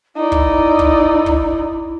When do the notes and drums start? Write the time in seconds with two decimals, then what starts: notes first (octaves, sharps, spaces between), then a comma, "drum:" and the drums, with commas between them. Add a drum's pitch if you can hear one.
0.16 D#4 E4 D5
0.32 drum: kick
0.79 drum: kick
1.26 drum: kick